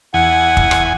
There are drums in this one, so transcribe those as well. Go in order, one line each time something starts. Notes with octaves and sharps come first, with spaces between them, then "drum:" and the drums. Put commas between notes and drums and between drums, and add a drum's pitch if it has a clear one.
E2 F#5 G#5
drum: kick
drum: rim click